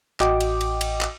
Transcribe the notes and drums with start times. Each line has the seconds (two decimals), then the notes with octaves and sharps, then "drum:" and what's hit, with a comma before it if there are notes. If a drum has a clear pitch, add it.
0.20 A1 F#4 D#5 G5 D6, drum: clap
0.40 drum: cymbal
0.61 drum: cymbal
0.81 drum: cymbal
1.01 drum: clap